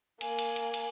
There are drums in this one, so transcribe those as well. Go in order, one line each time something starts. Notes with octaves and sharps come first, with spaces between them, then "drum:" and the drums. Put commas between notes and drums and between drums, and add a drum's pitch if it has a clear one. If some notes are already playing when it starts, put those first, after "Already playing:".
A#3 G#5, drum: cymbal
drum: cymbal
drum: cymbal
drum: cymbal